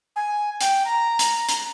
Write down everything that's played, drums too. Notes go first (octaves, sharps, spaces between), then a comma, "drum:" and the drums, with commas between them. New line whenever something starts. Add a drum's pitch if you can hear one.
G#5
G5, drum: hi-hat
A#5
drum: hi-hat
drum: hi-hat